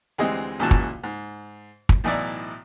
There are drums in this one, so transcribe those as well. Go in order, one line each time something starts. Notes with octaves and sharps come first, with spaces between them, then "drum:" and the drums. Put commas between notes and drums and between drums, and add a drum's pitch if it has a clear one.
D2 E3 G3 G#3 C4 D#5
C#2 A#2 C#3 E3 F#4 A5
drum: kick
G#2
drum: kick
B1 A2 E3 D#4 E4 D5